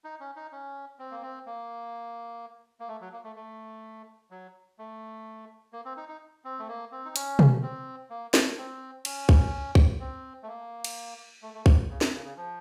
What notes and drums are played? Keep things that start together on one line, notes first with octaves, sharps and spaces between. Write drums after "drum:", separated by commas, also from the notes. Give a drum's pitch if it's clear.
D#4
C#4
D#4
C#4
C4
A#3
C4
A#3
A#3
A3
F#3
A#3
A3
A3
F#3
A3
A#3
C4
D#4
D#4
C4
A3
A#3
C4
D#4
C#4, drum: hi-hat
drum: tom B2
C4
A#3
A3, drum: snare
C4
C#4, drum: cymbal
drum: kick
drum: kick
C4
A3
A#3
drum: cymbal
A3
A3
C3, drum: kick
C#3
C3, drum: snare
C#3
C#3
F3